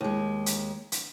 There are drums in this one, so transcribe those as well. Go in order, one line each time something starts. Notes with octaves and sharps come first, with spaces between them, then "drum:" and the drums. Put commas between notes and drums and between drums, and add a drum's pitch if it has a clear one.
D#2 G#3
drum: hi-hat
drum: hi-hat